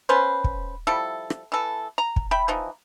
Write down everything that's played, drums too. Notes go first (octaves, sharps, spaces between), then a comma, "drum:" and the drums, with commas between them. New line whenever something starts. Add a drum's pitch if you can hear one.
B3 C#4 B4 C5
drum: kick
F3 G3 E4 A4
drum: rim click
E3 A4
A#5
drum: kick
E5 G5 B5
E3 F3 D#4